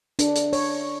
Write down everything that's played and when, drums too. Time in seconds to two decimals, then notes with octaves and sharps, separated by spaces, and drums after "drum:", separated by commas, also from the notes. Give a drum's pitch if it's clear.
0.19 D4, drum: hi-hat
0.35 drum: hi-hat
0.53 C#5, drum: open hi-hat